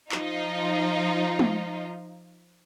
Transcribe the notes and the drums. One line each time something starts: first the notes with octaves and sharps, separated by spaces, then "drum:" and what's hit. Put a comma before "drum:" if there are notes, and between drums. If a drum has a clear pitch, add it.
F3 D#4 F4, drum: clap
drum: tom G#3